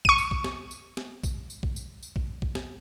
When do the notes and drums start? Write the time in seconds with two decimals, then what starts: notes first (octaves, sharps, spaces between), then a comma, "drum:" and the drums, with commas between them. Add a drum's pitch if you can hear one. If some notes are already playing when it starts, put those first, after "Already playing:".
0.05 C#6 D#7, drum: kick A#1
0.18 drum: tambourine
0.31 drum: kick A#1
0.44 drum: snare
0.71 drum: tambourine
0.97 drum: snare
1.24 drum: kick A#1, tambourine
1.50 drum: tambourine
1.63 drum: kick A#1
1.76 drum: tambourine
2.03 drum: tambourine
2.16 drum: kick A#1
2.42 drum: kick A#1
2.55 drum: snare